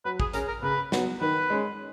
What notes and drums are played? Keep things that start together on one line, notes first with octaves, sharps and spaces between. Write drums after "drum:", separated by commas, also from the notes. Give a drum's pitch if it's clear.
F#3 B4
G#4, drum: kick
C#4 G#4 A#4, drum: hi-hat
A#4
C#3 B4
F#3 B3, drum: snare
D#3 B4
G#3 C#4